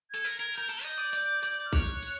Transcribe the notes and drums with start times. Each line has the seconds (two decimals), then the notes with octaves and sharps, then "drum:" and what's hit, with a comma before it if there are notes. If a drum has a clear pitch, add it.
0.10 A4 G#6
0.24 A#4, drum: hi-hat
0.37 A#4 G#6
0.54 A#4 G6, drum: hi-hat
0.69 A4
0.83 D#5 G6, drum: hi-hat
0.98 D5
1.13 D5, drum: hi-hat
1.43 D5, drum: hi-hat
1.65 F6
1.73 C#5 F#6, drum: kick A#1, hi-hat
2.03 F#6, drum: hi-hat